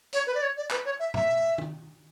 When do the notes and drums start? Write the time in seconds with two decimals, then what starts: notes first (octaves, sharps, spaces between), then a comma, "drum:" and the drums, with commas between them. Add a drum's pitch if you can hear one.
0.13 C#5, drum: hi-hat
0.26 B4
0.34 D5
0.42 C#5
0.56 D5
0.70 B4, drum: clap
0.85 C#5
0.99 E5
1.14 E5, drum: tom
1.58 drum: tom